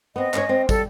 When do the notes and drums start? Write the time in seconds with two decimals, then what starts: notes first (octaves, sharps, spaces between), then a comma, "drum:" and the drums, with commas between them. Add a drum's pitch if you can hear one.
0.16 B3 C4 D#5
0.34 C#4 B4 C#5, drum: clap
0.49 C4
0.69 G3 A4, drum: kick, tambourine